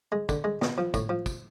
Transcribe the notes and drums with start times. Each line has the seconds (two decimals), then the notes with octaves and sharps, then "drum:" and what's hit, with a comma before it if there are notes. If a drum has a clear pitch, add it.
0.12 G#3
0.29 D3, drum: kick, tambourine
0.44 G#3
0.62 B2, drum: snare
0.78 F3
0.94 A2, drum: kick, tambourine
1.09 F3
1.26 drum: kick, tambourine